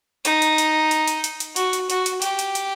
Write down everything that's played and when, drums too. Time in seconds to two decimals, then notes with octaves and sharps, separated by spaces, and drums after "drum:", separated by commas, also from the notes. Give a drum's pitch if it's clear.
0.25 D#4, drum: hi-hat
0.42 drum: hi-hat
0.58 drum: hi-hat
0.91 drum: hi-hat
1.08 drum: hi-hat
1.24 drum: hi-hat
1.40 drum: hi-hat
1.56 F#4, drum: hi-hat
1.73 drum: hi-hat
1.90 F#4, drum: hi-hat
2.06 drum: hi-hat
2.22 G4, drum: hi-hat
2.39 drum: hi-hat
2.55 drum: hi-hat